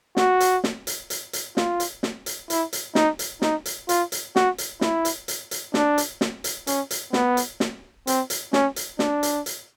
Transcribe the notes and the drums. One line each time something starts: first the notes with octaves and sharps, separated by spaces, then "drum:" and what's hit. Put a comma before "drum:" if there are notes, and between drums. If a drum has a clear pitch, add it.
F#4, drum: snare
drum: hi-hat
drum: snare
drum: hi-hat
drum: hi-hat
drum: hi-hat
F4, drum: snare
drum: hi-hat
drum: snare
drum: hi-hat
E4, drum: hi-hat
drum: hi-hat
D#4, drum: snare
drum: hi-hat
D#4, drum: snare
drum: hi-hat
F4, drum: hi-hat
drum: hi-hat
F#4, drum: snare
drum: hi-hat
E4, drum: snare
drum: hi-hat
drum: hi-hat
drum: hi-hat
D4, drum: snare
drum: hi-hat
drum: snare
drum: hi-hat
C#4, drum: hi-hat
drum: hi-hat
B3, drum: snare
drum: hi-hat
drum: snare
C4, drum: hi-hat
drum: hi-hat
C#4, drum: snare
drum: hi-hat
D4, drum: snare
drum: hi-hat
drum: hi-hat